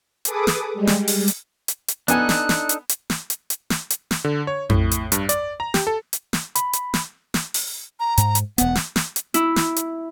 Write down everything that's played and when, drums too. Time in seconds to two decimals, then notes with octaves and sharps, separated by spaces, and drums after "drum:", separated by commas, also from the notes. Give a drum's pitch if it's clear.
0.25 G#4 A4 B4 D6 D#6, drum: hi-hat
0.47 drum: snare
0.74 G3 G#3
0.87 drum: snare
1.08 drum: open hi-hat
1.28 drum: hi-hat
1.68 drum: hi-hat
1.88 drum: hi-hat
2.08 B3 D4 D#4 A4 G#5 F#6, drum: hi-hat
2.29 drum: snare
2.49 drum: snare
2.69 drum: hi-hat
2.89 drum: hi-hat
3.10 drum: snare
3.30 drum: hi-hat
3.50 drum: hi-hat
3.70 drum: snare
3.90 drum: hi-hat
4.11 drum: snare
4.24 D3
4.47 C#5
4.70 A2, drum: tom F2
4.92 drum: hi-hat
5.12 G2, drum: hi-hat
5.29 D5, drum: hi-hat
5.60 A#5
5.74 G4, drum: snare
5.87 A4
6.13 drum: hi-hat
6.33 drum: snare
6.55 B5, drum: hi-hat
6.73 drum: hi-hat
6.94 drum: snare
7.34 drum: snare
7.54 drum: open hi-hat
8.00 A#5
8.18 G#2, drum: hi-hat
8.35 drum: hi-hat
8.58 E1 B3 F#5, drum: hi-hat
8.75 drum: snare
8.96 drum: snare
9.16 drum: hi-hat
9.34 E4, drum: hi-hat
9.56 drum: snare
9.76 drum: hi-hat